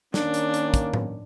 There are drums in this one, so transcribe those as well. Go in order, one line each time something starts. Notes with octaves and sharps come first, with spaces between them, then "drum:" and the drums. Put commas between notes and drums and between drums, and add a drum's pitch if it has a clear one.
D#3 A#3 C#4 D4, drum: snare
drum: hi-hat
drum: hi-hat
drum: kick, hi-hat
drum: tom A2